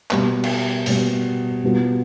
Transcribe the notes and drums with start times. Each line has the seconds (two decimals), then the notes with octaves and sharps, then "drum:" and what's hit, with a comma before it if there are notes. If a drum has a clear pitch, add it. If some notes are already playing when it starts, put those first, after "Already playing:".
0.11 B2 G3 B3, drum: clap
0.44 drum: cymbal
0.86 B2 G3 B3, drum: open hi-hat
1.63 B2 G3 B3 F4